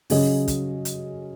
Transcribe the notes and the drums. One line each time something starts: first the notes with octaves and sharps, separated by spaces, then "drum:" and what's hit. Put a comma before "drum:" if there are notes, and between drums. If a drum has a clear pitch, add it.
C#3 F#3 C#4 G#4 D#5, drum: open hi-hat
drum: kick, hi-hat
drum: hi-hat